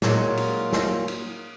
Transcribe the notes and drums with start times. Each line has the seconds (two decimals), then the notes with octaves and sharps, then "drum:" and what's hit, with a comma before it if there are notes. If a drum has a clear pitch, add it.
0.02 A#2 F#3 G#3, drum: snare
0.37 drum: cymbal
0.73 drum: snare
1.08 drum: cymbal